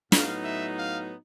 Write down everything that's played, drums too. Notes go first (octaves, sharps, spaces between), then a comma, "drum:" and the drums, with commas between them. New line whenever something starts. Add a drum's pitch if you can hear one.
A2 F#3 B3 D#4 F5, drum: snare
E5
F5